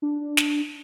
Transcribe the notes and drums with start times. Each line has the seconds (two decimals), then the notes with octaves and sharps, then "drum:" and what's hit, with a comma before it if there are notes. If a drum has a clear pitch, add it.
0.02 D4
0.37 drum: snare